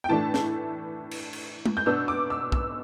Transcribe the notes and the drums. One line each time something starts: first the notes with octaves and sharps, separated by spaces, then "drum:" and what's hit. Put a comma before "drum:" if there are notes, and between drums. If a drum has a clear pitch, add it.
G5
A2 E3 A3 D4 A5
drum: snare
drum: cymbal
drum: cymbal
drum: tom G#3
G6
B2 B3 D4 E6
D6
E6
E6, drum: kick